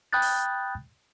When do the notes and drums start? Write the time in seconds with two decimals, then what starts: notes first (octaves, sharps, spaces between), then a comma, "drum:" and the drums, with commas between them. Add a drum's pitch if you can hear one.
0.13 G5 B5 D#6 F#6 G6 A6
0.22 drum: open hi-hat